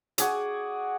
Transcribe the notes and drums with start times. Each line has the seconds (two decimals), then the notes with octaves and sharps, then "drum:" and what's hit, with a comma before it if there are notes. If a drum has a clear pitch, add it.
0.18 F#4 G#4 D5, drum: hi-hat